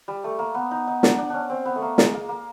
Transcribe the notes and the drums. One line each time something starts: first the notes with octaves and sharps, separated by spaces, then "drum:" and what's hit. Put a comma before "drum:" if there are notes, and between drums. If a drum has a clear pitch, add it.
G3
A3
A#3
B3
D#4
D#4
D4, drum: snare
D4
C#4 D4
C4
B3
A3
A#3
G#3, drum: snare
A#3
A#3